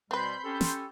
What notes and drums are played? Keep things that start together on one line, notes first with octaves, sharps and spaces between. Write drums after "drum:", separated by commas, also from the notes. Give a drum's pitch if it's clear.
B2 G3 C4 B4 B5 C6 G6
C#4 G4 A4
drum: snare